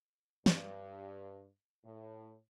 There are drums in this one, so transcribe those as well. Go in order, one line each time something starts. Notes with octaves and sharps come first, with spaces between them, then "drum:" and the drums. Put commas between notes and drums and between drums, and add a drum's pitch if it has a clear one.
G2, drum: snare
A2